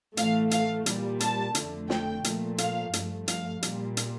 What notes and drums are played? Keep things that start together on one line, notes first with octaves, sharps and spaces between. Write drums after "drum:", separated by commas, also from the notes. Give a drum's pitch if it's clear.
A2 E3 A3 F5, drum: hi-hat
F5, drum: hi-hat
A#2 G3, drum: hi-hat
A5, drum: hi-hat
F2 D3 A3, drum: hi-hat
G5, drum: snare
A#2 F3 A3, drum: hi-hat
F5, drum: hi-hat
G2 F3 A3, drum: hi-hat
F5, drum: hi-hat
A#2 G3, drum: hi-hat
drum: hi-hat